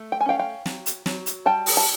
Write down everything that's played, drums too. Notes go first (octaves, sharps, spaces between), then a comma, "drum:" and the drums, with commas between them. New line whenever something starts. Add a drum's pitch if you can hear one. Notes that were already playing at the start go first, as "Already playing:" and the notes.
Already playing: A3
G5
G#5
C#4 F5 G5
F5 G5
F#3, drum: snare
drum: hi-hat
F#3, drum: snare
drum: hi-hat
G3 G5 A5
drum: open hi-hat
A5